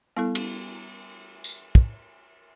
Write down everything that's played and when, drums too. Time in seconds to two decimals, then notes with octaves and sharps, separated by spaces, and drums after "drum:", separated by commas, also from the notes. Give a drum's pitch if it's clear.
0.17 G3 B3 E4 A4
0.35 drum: cymbal
1.44 drum: tambourine
1.75 drum: kick